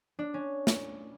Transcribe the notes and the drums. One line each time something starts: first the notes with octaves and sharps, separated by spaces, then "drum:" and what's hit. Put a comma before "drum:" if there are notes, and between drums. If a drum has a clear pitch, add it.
D4
C#4
drum: snare